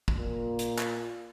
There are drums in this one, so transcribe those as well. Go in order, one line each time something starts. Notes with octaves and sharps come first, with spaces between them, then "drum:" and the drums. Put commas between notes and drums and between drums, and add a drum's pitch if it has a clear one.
drum: kick
A#2
drum: hi-hat
drum: clap